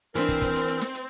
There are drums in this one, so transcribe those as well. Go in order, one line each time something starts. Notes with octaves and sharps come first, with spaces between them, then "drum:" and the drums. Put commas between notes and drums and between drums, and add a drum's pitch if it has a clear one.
E3 C4 D4 A#4, drum: hi-hat
drum: kick, hi-hat
drum: kick, hi-hat
drum: hi-hat
drum: hi-hat
drum: snare
drum: hi-hat